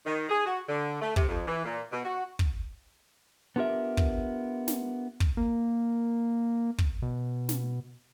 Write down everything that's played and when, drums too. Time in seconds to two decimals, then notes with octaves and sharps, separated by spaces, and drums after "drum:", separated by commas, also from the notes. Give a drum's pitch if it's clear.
0.06 D#3
0.29 G#4
0.46 F#4
0.69 D3
1.02 A3
1.16 C3, drum: kick
1.28 F2
1.47 E3
1.64 A#2
1.92 B2
2.05 F#4
2.39 drum: kick
3.56 B3 D4 F4 G4 A#4 E5
3.97 drum: kick
4.68 drum: snare
5.20 drum: kick
5.37 A#3
6.78 drum: kick
7.02 B2
7.49 drum: snare